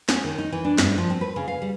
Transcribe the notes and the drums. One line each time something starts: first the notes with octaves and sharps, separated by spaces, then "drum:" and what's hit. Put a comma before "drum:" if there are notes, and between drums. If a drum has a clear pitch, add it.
C#4, drum: snare
D#3
D#4
E3
D4
G2, drum: snare
F3
C4
B4
C#3
F5
G3